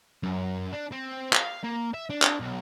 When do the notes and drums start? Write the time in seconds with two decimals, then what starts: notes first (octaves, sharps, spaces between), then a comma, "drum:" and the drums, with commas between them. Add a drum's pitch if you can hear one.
0.23 F#2
0.72 D4
0.92 C4
1.33 F5, drum: clap
1.64 A#3
1.94 E5
2.10 D4
2.22 drum: clap
2.40 B1